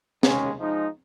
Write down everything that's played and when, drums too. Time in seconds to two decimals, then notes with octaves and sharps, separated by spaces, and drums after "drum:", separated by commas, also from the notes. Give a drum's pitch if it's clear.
0.23 D#2 C#3 G#3 C#4, drum: snare
0.59 F3 G#3 D#4